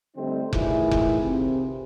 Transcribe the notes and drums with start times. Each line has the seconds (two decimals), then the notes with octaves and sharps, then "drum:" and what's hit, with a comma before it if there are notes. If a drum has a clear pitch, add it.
0.16 D3 G3 A3 C4 D#4
0.53 A2 D#3 E3 E4 F4 G#4, drum: kick F1
0.91 drum: kick F1
1.20 C3 C4